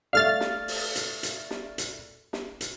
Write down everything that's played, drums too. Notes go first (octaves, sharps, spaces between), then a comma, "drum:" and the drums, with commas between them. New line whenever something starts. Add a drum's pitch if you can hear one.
A3 A4 D5 F5 F6 A6
drum: snare
drum: open hi-hat
drum: hi-hat
drum: hi-hat
drum: snare
drum: hi-hat
drum: snare
drum: hi-hat